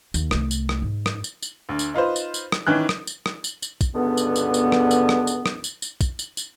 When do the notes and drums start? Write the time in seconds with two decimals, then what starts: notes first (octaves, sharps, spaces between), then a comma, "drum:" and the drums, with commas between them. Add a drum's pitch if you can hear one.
0.14 D#2, drum: tambourine
0.31 C2 A3, drum: rim click
0.51 drum: tambourine
0.69 drum: rim click
0.82 G#2
1.06 drum: rim click
1.24 drum: tambourine
1.42 drum: tambourine
1.69 D2 D3
1.79 drum: tambourine
1.94 D#4 F4 B4 C5
2.16 drum: tambourine
2.34 drum: tambourine
2.52 drum: rim click
2.67 D#3 E3 C#4 F#6
2.89 drum: rim click
3.07 drum: tambourine
3.26 drum: rim click
3.44 drum: tambourine
3.62 drum: tambourine
3.81 drum: kick, tambourine
3.95 C#2 G2 D3 B3
4.17 drum: tambourine
4.36 drum: tambourine
4.54 drum: tambourine
4.72 drum: rim click
4.91 drum: tambourine
5.09 drum: rim click
5.27 drum: tambourine
5.46 drum: rim click
5.64 drum: tambourine
5.82 drum: tambourine
6.01 drum: kick, tambourine
6.19 drum: tambourine
6.37 drum: tambourine